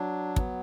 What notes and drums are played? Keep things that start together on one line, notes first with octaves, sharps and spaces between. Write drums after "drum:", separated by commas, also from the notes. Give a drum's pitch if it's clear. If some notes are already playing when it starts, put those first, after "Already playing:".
Already playing: F#3 D4
B3, drum: kick